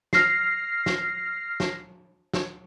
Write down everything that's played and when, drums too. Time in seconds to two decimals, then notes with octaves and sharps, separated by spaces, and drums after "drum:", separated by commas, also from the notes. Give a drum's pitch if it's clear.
0.13 F6 A#6 C7, drum: snare
0.86 drum: snare
1.60 drum: snare
2.34 drum: snare